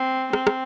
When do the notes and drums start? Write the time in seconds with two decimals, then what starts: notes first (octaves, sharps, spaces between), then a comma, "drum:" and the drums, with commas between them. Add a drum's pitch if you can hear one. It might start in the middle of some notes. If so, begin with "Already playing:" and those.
Already playing: C4
0.33 C4, drum: rim click
0.47 drum: rim click